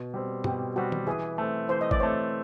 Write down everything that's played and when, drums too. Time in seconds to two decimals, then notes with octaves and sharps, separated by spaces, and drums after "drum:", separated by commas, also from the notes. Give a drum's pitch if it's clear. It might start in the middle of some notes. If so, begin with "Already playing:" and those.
Already playing: B2
0.14 G3 C4
0.44 B2 G4, drum: tom
0.76 G3 C4 F#4
0.92 drum: tom D#3
1.07 E3 G#4
1.38 A3 C4
1.69 E3 C5
1.81 D#5
1.91 D5, drum: kick
2.00 A3 C4 C#5